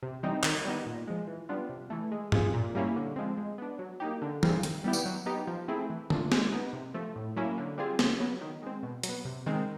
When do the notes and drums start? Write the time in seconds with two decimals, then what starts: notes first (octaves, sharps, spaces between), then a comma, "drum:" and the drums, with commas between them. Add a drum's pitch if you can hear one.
0.03 C3
0.23 E3 G3 C4 D#4
0.43 D#3, drum: clap
0.65 G3 B3 D#4
0.86 A#2
1.07 F3 G#3
1.27 E3
1.49 G3 B3 D4 F4
1.69 C3
1.90 E3 A3
2.12 G#3
2.32 C4 F4 G#4, drum: tom
2.54 A#2
2.75 G3 A#3 C#4 E4
2.96 D3
3.16 F3 G#3 C4
3.37 G#3
3.58 B3 D4
3.79 F#3
4.00 A#3 D#4 G4
4.22 D3
4.43 G3 C4 F4 G#4, drum: tom
4.63 D#3, drum: hi-hat
4.84 G3 B3 E4 G4
4.93 drum: tambourine
5.06 F#3
5.26 B3 D#4 G4
5.47 F3
5.68 A3 C4 E4 G#4
5.90 E3
6.10 A3 D4 F4, drum: tom D3
6.32 G#3, drum: snare
6.52 B3 D#4
6.73 C3
6.94 F3 A3
7.16 A2
7.36 F#3 A#3 C#4 E4
7.58 D3
7.78 G3 C4 F4 G#4
7.99 C#3, drum: snare
8.20 F#3 B3
8.41 D#3
8.63 G#3 C4
8.83 B2
9.03 F#3, drum: hi-hat
9.09 B3
9.25 C3
9.46 D#3 G#3 C4